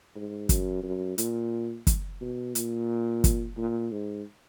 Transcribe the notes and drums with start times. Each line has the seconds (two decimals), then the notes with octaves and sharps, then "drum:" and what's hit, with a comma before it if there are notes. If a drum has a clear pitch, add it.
0.15 G#2
0.49 F#2, drum: kick, hi-hat
0.83 F#2
1.18 A#2, drum: hi-hat
1.87 drum: kick, hi-hat
2.21 B2
2.55 A#2, drum: hi-hat
3.24 drum: kick, hi-hat
3.58 A#2
3.92 G#2